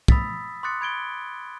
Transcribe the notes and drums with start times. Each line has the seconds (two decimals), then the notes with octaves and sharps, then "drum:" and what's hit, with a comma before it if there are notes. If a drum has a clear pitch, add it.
0.08 B5 D#6 E6 A6 B6, drum: kick
0.63 C6 D6 D#6 F#6 A6 C#7
0.81 B5 G#6 D7 G7